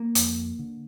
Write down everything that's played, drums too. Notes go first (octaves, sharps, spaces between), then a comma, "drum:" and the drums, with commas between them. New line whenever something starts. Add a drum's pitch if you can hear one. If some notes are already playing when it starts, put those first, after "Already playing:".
Already playing: A#3
F2, drum: hi-hat
D3